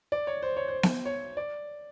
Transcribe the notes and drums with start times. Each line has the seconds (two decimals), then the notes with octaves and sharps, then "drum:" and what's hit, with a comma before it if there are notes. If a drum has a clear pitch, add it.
0.12 D5
0.27 C#5
0.42 C5
0.57 C#5
0.68 C5
0.83 drum: snare B3
1.06 C#5
1.37 D5